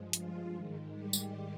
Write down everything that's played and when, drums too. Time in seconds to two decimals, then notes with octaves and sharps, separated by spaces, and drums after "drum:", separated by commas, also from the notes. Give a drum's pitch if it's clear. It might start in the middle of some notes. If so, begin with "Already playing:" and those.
Already playing: G2 F3 G#3
0.13 F3 F4, drum: hi-hat
0.53 G#2 D#3 G#3
0.92 G3 G4
1.13 drum: tambourine